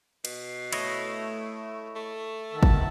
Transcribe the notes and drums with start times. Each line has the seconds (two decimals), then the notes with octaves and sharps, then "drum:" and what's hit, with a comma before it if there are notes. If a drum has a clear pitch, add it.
0.25 B2, drum: cymbal
0.73 A3 E4 C#5 D#5, drum: cymbal
1.96 A3
2.53 D#3 E5 F#5 A5
2.63 drum: kick